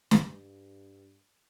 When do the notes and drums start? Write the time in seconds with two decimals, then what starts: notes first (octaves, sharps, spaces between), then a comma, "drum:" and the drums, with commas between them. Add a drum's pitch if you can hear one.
0.11 G2, drum: snare